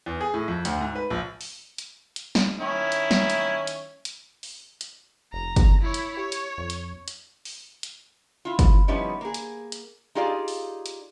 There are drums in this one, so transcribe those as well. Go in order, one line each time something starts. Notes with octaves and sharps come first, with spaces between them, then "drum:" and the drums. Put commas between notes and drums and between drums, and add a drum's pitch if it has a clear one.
E2
G#4
A2
F2
D2, drum: hi-hat
G#2
B4
A#1
drum: open hi-hat
drum: hi-hat
drum: hi-hat
drum: snare
D#3 C#4 E4
drum: hi-hat
drum: snare
drum: hi-hat
drum: hi-hat
drum: hi-hat
drum: open hi-hat
drum: hi-hat
F1 A#5
drum: kick, hi-hat
E4 C#5
drum: hi-hat
G4 C#5
drum: hi-hat
F2
drum: hi-hat
drum: hi-hat
drum: open hi-hat
drum: hi-hat
E4 F4
drum: kick, hi-hat
F3 G3 B3 C#4 D#4 E4
A#3 G#4
drum: hi-hat
drum: hi-hat
D#4 F4 G4 G#4 D5 F5
drum: open hi-hat
drum: hi-hat